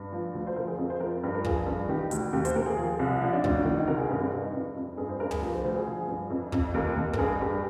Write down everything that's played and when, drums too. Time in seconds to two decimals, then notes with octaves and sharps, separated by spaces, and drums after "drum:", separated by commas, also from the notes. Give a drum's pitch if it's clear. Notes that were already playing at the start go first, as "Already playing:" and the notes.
Already playing: G2
0.12 F3
0.34 D2
0.47 C5
0.56 F3 A#4
0.67 G#4
0.78 F2 G#4
0.90 C5
1.00 F3 A#4
1.24 G2 G4
1.35 A#4
1.44 F3 G#4, drum: kick
1.66 G2
1.89 D#3 G4
2.11 D2, drum: hi-hat
2.33 D#2 G4
2.45 C5, drum: hi-hat
2.56 D#2 A#4
2.66 G#4
2.77 F3
2.99 C2
3.21 F3 G4
3.33 D4
3.44 D2 D4, drum: kick
3.54 D4
3.65 D#3
3.77 D#4
3.87 C2 A#4
3.99 G#4
4.09 G2 G4
4.20 C4
4.32 G2
4.43 D#4
4.53 F2
4.76 F2
4.97 G2 G#4
5.09 C5
5.20 G2 A#4
5.31 G#4, drum: tom
5.42 F3 G4
5.53 C5
5.64 D2 C5
5.75 G#4
5.86 F3
6.08 G2
6.30 F2
6.52 F2, drum: kick
6.74 D#2 A#4
6.96 D#2
7.13 A#4, drum: kick
7.18 G2 G#4
7.41 G2 G4